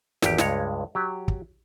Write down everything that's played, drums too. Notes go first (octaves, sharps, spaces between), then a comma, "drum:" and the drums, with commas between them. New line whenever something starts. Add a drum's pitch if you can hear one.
G#1 E2 G4, drum: snare
C#2 G2 G#3 C#5, drum: snare
F#3 G4
drum: kick